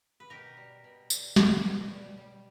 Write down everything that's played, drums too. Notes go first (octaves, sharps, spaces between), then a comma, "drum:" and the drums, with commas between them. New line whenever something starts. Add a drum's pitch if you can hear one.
B4
B2 G4 A#4
G3
B2
G3, drum: tambourine
G3, drum: snare
B2
G3
G3